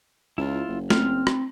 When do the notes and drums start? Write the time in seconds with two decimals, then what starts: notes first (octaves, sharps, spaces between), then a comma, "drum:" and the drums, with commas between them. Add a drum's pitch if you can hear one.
0.38 C#2 E4 F4
0.68 F#1
0.90 C4 F6, drum: snare A3
1.27 drum: rim click